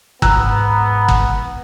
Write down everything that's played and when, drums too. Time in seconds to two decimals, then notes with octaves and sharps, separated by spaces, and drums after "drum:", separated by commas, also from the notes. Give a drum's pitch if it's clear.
0.22 G#2 B3 A#5 E6 F#6, drum: kick
1.08 drum: kick